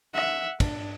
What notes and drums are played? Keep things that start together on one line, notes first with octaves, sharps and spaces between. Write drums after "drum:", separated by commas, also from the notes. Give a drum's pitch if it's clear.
E5 F#5
D4, drum: kick, cymbal